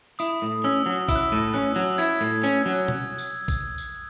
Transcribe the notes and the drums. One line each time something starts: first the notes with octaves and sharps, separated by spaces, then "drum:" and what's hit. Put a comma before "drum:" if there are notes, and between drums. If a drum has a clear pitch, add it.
E4 D#6, drum: tambourine
A2
C#4 E6
F#3
E4 E6, drum: kick A#1, tambourine
F#6
E6
A2
C#4 F#6
F#3
E4 G#6
A2
C#4
F#3
drum: tom B2
drum: tambourine
drum: kick A#1, tambourine
drum: tambourine